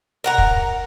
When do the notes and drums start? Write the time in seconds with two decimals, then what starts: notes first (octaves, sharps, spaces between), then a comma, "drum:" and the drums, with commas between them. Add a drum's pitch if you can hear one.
0.24 A#4 F#5 A#5
0.38 drum: kick